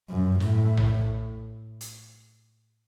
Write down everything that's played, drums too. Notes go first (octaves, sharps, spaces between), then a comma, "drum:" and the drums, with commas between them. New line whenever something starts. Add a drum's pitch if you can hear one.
F#2
A2, drum: snare
drum: tom A#1
drum: hi-hat